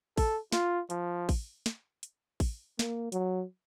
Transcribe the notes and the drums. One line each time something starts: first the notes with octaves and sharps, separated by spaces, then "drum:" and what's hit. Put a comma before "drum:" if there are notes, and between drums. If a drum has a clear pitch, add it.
A4, drum: kick A1, open hi-hat
F4, drum: snare
F3, drum: hi-hat
drum: kick A1, open hi-hat
drum: snare
drum: hi-hat
drum: kick A1, open hi-hat
A#3, drum: snare
F#3, drum: hi-hat